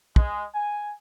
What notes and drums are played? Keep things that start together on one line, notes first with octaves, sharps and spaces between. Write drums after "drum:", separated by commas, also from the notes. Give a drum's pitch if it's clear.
G#3, drum: kick
G#5